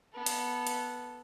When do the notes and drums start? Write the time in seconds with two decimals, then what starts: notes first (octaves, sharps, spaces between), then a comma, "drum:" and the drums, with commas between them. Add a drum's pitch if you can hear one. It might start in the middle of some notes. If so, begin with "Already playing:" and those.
0.13 B3 A4
0.26 drum: hi-hat
0.67 drum: hi-hat